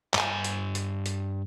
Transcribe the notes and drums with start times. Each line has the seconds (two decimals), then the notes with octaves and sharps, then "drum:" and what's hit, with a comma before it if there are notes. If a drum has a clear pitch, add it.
0.14 G2 G#5, drum: clap
0.44 drum: hi-hat
0.75 drum: hi-hat
1.06 drum: hi-hat